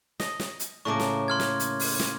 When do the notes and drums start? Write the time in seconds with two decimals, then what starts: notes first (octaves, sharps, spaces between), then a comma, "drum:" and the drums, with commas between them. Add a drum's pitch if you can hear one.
0.20 D#5, drum: snare
0.40 drum: snare
0.60 drum: hi-hat
0.85 A2 C#3 A#3 C#6 D6
1.00 drum: snare
1.28 C6 F6 G#6
1.40 drum: snare
1.60 drum: hi-hat
1.80 drum: open hi-hat
2.00 drum: snare